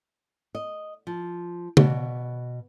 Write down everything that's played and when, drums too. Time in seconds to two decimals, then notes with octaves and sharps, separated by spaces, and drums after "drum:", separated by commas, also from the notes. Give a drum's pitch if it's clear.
0.55 D#5
1.07 F3
1.77 B2, drum: tom C#3